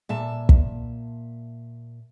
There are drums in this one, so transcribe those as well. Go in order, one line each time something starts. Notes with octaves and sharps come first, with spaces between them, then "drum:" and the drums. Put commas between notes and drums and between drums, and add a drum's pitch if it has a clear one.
A#2 E5 A5
drum: kick